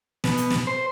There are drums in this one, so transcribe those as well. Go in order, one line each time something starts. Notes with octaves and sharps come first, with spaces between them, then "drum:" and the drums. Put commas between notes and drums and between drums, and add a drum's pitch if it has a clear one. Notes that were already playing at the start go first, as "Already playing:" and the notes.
B2, drum: snare
drum: hi-hat
drum: snare
C5